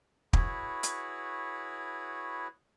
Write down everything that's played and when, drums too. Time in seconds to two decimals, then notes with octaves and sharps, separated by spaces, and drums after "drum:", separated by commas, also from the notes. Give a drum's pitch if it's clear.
0.33 E4 F#4 G#4 B4 C#5, drum: kick
0.83 drum: hi-hat